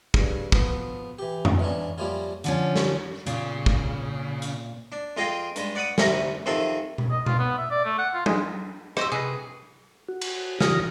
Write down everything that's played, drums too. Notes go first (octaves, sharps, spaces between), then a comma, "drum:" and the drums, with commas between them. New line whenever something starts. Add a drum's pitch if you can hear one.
G2 C#3, drum: kick
F3 B3, drum: kick
E3 G4
drum: tom F2
E3 C#4 D4
F3 G3 A#3 C#4 E4 F4
D3 F3 C#4, drum: hi-hat
drum: snare
A#2 C#3, drum: hi-hat
drum: kick
drum: hi-hat
D4
F2 F4 G#4 D#5 F5 G5
G2 G#3, drum: hi-hat
D5 F#5 B5 C#6 D#6
D2 C3 E4 D#5 A#5, drum: snare
F2 C3 D#3 G#4 A4 E5
drum: tom B2
D#5
F4, drum: tom B2
B3
E5
D5
A3
F#5
F4
G#3, drum: tom F#3
C5 D#5 E5, drum: rim click
C3 G#4 B4
F#4
drum: cymbal
C#3 E3 F4 D#6 F6 A#6, drum: snare